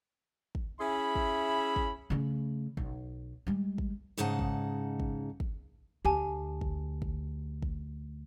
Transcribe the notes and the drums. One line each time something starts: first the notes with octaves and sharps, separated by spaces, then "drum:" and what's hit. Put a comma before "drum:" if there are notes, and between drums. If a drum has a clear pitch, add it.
drum: kick
C#4 E4 G#4 E5 B5
drum: kick
drum: kick
C#3 A3
B1, drum: kick
G3 G#3
drum: kick
G#2 C#3 D#4 F#5 A5
drum: kick
drum: kick
drum: kick
D2 G4 G#5 A5
drum: kick
drum: kick
drum: kick